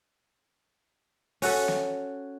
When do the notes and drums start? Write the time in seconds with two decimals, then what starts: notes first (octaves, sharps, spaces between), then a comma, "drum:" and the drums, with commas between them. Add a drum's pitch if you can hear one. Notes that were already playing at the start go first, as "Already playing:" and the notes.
1.42 C#4 F#4 A4, drum: open hi-hat
1.68 drum: snare